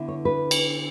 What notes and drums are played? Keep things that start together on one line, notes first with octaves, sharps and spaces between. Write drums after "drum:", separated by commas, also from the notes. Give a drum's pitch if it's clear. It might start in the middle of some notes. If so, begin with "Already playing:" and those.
Already playing: D3 B3 E4
C#5
B4
drum: cymbal